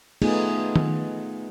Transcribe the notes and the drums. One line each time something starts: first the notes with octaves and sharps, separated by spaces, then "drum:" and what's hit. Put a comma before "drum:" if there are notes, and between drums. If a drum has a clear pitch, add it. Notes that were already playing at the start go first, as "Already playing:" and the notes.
A3 B3 D#4 F4 G#4, drum: cymbal
drum: tom D#3